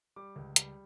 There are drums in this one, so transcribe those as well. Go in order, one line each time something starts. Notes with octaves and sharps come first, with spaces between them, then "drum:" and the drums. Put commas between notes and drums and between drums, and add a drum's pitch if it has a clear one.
G3 D6
C#2
G3, drum: hi-hat